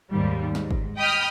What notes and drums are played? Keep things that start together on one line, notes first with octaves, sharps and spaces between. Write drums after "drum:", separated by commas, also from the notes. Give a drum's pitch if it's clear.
D#2 G#2 G3
G#2, drum: snare
drum: kick G1
D#5 G5 B5 D#6 F6